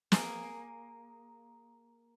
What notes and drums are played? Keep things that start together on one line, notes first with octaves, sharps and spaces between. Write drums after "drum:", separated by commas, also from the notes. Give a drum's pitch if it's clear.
A#3 G#4, drum: snare